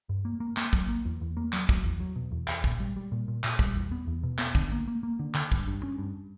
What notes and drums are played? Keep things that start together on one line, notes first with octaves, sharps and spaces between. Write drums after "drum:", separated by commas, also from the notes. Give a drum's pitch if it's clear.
G2
A#3
A#3
A#3, drum: clap
F#3, drum: kick
A#3
E2
E2
A#3
F#3, drum: clap
F#3, drum: kick
E2
F#3
B2
E2
E2, drum: clap
A#2, drum: kick
G3
G3
A#2
A#2
A#2, drum: clap
G3, drum: kick
E2
B3
E2
B2
B3, drum: clap
D3, drum: kick
A#3
A#3
A#3
D3
D3, drum: clap
G2, drum: kick
G2
C#4
G2